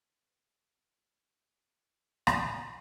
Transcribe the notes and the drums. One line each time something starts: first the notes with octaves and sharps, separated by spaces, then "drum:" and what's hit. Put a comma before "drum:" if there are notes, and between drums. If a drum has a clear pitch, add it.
A4 B4
drum: rim click